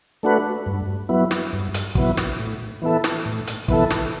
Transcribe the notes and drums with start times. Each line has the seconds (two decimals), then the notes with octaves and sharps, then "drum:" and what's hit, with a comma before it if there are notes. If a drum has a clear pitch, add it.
0.23 A3 D4 F#4 B4
0.66 G2
1.09 F#3 B3 E4
1.31 drum: snare
1.53 G2
1.74 drum: hi-hat
1.95 F#3 B3 E4, drum: kick
2.17 drum: snare
2.39 A2
2.82 E3 B3 E4 A4
3.04 drum: snare
3.25 A2
3.47 drum: hi-hat
3.68 E3 B3 E4 A4, drum: kick
3.91 drum: snare